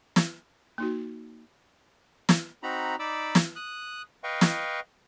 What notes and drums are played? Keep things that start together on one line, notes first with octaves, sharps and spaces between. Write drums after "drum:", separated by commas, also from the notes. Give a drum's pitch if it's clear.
drum: snare
A#3 D#4 F#4
drum: snare
C4 D#4 F#4 A#5 B5
D#4 D5 B5 D6 E6
drum: snare
D#6 F#6
B4 D#5 F5 G5 C#6
drum: snare